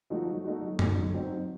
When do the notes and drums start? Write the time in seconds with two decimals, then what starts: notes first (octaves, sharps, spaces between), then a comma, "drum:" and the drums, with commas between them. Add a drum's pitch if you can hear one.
0.10 F3 A3 D#4 F#4
0.27 F#3
0.44 A3 D#4 F#4
0.62 F#3
0.79 A3 D#4 F#4, drum: tom F#2
0.96 F#3
1.14 C4 D#4 F#4
1.31 F#3